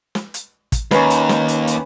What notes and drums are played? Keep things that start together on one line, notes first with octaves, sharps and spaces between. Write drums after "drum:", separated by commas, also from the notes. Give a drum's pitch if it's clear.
drum: snare
drum: hi-hat
drum: kick, hi-hat
D#2 C#4 B4, drum: snare
drum: hi-hat
drum: snare
drum: hi-hat
drum: hi-hat